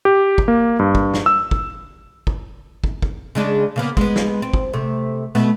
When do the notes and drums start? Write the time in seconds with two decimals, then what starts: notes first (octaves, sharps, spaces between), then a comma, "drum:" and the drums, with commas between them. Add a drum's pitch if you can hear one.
0.05 G4
0.38 drum: kick
0.48 A#3
0.79 G2
0.95 drum: kick
1.14 drum: snare
1.26 E6
1.51 drum: kick
2.27 drum: kick
2.84 drum: kick
3.02 drum: kick
3.35 C#3 G#3 D4
3.76 C#3 A#3 B3
3.97 G#3 B3, drum: kick
4.16 drum: snare
4.42 C4
4.54 drum: kick
4.74 C3 A3
5.35 B2 A3 B3